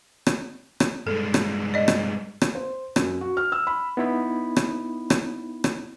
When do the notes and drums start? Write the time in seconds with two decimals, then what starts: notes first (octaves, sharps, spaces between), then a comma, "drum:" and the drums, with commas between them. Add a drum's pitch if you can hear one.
0.26 drum: rim click
0.80 drum: rim click
1.07 G2 G#3 A4
1.34 drum: rim click
1.74 D5 D#5
1.88 drum: rim click
2.41 drum: rim click
2.55 C5
2.96 F#2, drum: rim click
3.21 F#4
3.37 F6
3.52 E6
3.67 B5
3.97 B3 D#4 E4 B5
4.56 drum: rim click
5.10 drum: rim click
5.64 drum: rim click